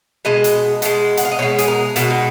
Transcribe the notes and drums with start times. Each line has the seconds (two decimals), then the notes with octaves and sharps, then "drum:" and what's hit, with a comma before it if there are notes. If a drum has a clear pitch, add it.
0.25 B2 G#3 D#5
0.44 drum: hi-hat
0.82 B2 G#3, drum: hi-hat
1.17 F#5, drum: hi-hat
1.25 F5
1.32 D#5
1.39 B2 G#3 C#5
1.58 G#4, drum: hi-hat
1.68 A#4
1.96 B2 G#3 F#4, drum: hi-hat
2.10 D#4